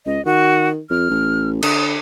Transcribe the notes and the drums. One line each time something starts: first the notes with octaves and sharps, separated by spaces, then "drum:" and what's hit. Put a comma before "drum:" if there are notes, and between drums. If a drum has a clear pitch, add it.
C#2 D#5
D#3 F#4
F2 F6
A1
D3 D#6, drum: cymbal